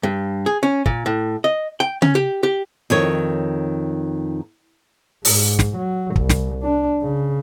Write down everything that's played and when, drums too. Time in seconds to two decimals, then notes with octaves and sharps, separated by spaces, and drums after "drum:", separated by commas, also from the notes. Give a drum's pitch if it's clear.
0.03 G2
0.46 G#4
0.63 C#4
0.86 A#2, drum: kick
1.06 A2
1.44 D#5
1.80 G5
2.02 C#4, drum: tom C#3
2.15 G4
2.43 G4
2.90 F2 D#3 C#5
5.25 G#2, drum: open hi-hat
5.59 drum: snare
5.77 F#3
6.16 C2, drum: kick
6.29 drum: snare
6.63 D4
7.02 C#3